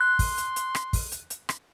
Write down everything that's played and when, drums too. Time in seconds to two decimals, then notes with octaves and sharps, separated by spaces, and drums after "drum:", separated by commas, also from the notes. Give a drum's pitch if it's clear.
0.01 C6 F#6
0.19 drum: kick, open hi-hat
0.38 drum: hi-hat
0.56 drum: hi-hat
0.75 drum: rim click
0.93 drum: kick, open hi-hat
1.12 drum: hi-hat
1.30 drum: hi-hat
1.49 drum: rim click